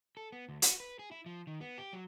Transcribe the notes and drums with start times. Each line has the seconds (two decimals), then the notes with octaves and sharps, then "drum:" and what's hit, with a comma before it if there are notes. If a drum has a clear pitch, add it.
0.17 A4
0.32 B3
0.49 D2
0.62 F#4, drum: hi-hat
0.80 B4
0.99 G#4
1.11 E4
1.26 F3
1.47 D#3
1.61 B3
1.78 G4
1.93 F#3